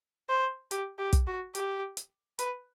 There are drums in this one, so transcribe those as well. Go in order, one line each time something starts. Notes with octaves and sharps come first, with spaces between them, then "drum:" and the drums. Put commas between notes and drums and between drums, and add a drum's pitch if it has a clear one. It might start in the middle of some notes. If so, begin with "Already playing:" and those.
C5
G4, drum: hi-hat
G4
drum: kick, hi-hat
F#4
G4, drum: hi-hat
drum: hi-hat
B4, drum: hi-hat